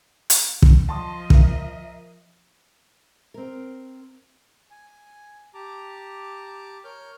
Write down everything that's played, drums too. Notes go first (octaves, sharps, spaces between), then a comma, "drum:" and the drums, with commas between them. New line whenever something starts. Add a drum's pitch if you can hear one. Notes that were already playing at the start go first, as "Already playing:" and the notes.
drum: hi-hat
drum: kick
F3 D#5 A5 C6 D#6
A#4 E5, drum: kick
C4 A#4
G#5
G4 A5 A#5 D6
A#4 C#5 F6 G6